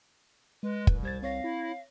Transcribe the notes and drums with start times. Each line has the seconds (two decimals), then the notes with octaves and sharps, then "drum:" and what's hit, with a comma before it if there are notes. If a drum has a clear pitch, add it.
0.63 G#3 B4
0.87 C2 A2, drum: kick
1.03 G3 C5 G#6 A6
1.22 C4 C#5 F5 A#6
1.44 E4